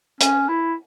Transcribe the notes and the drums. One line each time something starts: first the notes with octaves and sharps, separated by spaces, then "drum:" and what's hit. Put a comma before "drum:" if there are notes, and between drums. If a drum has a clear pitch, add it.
C#4, drum: hi-hat
E4